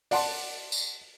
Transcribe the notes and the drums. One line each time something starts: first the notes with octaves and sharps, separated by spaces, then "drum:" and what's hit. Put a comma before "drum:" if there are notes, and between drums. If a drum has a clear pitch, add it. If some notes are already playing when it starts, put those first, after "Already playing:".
D5 F#5 A5 C6, drum: open hi-hat
drum: tambourine